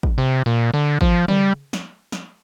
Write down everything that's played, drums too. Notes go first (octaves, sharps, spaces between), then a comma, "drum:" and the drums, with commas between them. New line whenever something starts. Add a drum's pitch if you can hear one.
drum: kick
C3
A#2
D3
F3, drum: kick
G3, drum: tom C#3
drum: snare
drum: snare